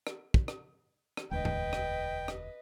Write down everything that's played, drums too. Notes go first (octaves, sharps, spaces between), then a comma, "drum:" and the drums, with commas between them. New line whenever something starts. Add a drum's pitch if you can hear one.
drum: rim click
drum: kick
drum: rim click
drum: rim click
E1 D2 B4 D#5 G5
drum: tom G#2
drum: rim click
drum: rim click